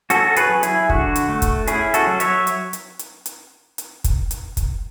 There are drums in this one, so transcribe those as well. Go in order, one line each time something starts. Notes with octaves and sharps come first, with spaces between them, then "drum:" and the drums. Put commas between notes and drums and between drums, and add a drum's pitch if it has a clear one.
C#4 F#4 A4, drum: hi-hat
A4
G#4 B4, drum: hi-hat
F#3
E4 G#4, drum: hi-hat
D3 F#4, drum: kick
drum: hi-hat
A3
drum: kick, hi-hat
C#4 E4 G#4, drum: hi-hat
F#4 A4, drum: hi-hat
F#3
C#5 E5, drum: hi-hat
drum: hi-hat
drum: hi-hat
drum: hi-hat
drum: hi-hat
drum: hi-hat
drum: kick, hi-hat
drum: hi-hat
drum: kick, hi-hat